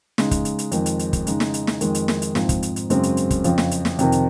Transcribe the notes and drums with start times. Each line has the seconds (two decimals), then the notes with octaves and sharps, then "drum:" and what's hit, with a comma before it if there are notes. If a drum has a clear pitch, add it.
0.18 C#3 G#3 D#4, drum: snare
0.31 drum: kick, hi-hat
0.45 drum: hi-hat
0.59 drum: hi-hat
0.72 F2 D#3 G#3, drum: hi-hat
0.86 drum: hi-hat
0.99 drum: hi-hat
1.13 drum: kick, hi-hat
1.27 C#3 G#3 D#4, drum: hi-hat
1.40 drum: snare
1.54 drum: hi-hat
1.67 drum: snare
1.81 F2 D#3 G#3, drum: hi-hat
1.95 drum: hi-hat
2.08 drum: snare
2.22 drum: hi-hat
2.35 G#2 F3 C4, drum: snare
2.49 drum: kick, hi-hat
2.63 drum: hi-hat
2.76 drum: hi-hat
2.90 F#2 C#3 G#3 C4, drum: hi-hat
3.03 drum: hi-hat
3.17 drum: hi-hat
3.31 drum: kick, hi-hat
3.44 F2 C#3 F3, drum: hi-hat
3.58 drum: snare
3.71 drum: hi-hat
3.85 drum: snare
3.99 F2 C3 D#3, drum: hi-hat
4.12 drum: hi-hat